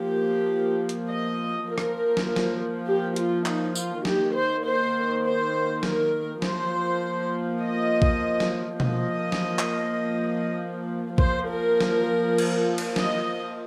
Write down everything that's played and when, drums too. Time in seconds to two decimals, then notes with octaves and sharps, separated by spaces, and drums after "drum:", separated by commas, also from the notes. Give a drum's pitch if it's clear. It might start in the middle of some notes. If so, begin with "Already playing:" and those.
Already playing: F3 A#3 G4
0.89 drum: hi-hat
1.08 D#5
1.67 F3 A#3 A#4
1.78 drum: rim click
2.17 drum: snare
2.36 drum: snare
2.86 G4
3.16 F4, drum: hi-hat
3.46 D#4, drum: clap
3.75 F4, drum: tambourine
4.05 D#3 A#3 G4, drum: snare
4.34 C5
4.64 C5
5.24 C5
5.83 A#4, drum: snare
6.42 F3 A#3 C5, drum: snare
7.62 D#5
8.02 drum: kick A#1
8.40 drum: snare
8.80 F3 A#3 D#5, drum: tom B2
9.32 drum: snare
9.59 drum: clap
11.18 F3 A#3 C5, drum: kick A#1
11.48 A#4
11.81 drum: snare
12.38 drum: cymbal
12.78 drum: cymbal
12.96 D#5, drum: snare